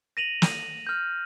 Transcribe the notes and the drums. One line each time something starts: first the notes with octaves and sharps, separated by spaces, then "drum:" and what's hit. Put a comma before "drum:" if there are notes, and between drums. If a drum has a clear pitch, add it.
A#6 D#7 F7 F#7
drum: snare
F6 G6